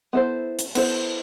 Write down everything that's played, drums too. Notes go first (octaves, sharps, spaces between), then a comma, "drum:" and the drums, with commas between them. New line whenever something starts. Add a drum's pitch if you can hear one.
B3 E4 A4 C5
drum: hi-hat
B3 E4 A4 C5, drum: cymbal